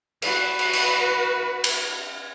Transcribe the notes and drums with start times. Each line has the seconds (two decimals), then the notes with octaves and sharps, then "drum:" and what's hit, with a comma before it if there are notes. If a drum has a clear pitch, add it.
0.22 F#4 B4, drum: cymbal
0.59 drum: cymbal
0.73 drum: cymbal
1.64 drum: cymbal